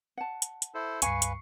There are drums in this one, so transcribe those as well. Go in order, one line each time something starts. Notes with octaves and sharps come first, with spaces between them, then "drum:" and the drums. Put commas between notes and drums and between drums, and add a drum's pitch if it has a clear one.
F#5 A5
drum: hi-hat
drum: hi-hat
E4 A4 C5
C#2 G2 B4 F5 G#5 C#6 C7, drum: hi-hat
drum: hi-hat